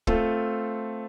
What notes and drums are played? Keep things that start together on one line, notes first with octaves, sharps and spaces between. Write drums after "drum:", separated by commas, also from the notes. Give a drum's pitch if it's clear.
A3 C4 F4 A4, drum: kick